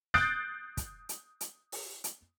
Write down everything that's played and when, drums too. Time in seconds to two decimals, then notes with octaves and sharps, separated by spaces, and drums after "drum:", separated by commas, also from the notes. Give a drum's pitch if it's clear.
0.14 D#6 F#6 G6 A6 C7 D7, drum: snare
0.77 drum: kick, hi-hat
1.09 drum: hi-hat
1.41 drum: hi-hat
1.72 drum: open hi-hat
2.04 drum: hi-hat